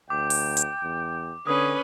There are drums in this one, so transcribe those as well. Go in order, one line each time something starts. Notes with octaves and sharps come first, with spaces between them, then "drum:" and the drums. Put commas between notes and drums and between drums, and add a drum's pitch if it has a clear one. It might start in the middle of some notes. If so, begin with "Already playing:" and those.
D2 G5 D6
drum: open hi-hat
drum: hi-hat
E2
D3 C#4 G#4 B4 D#6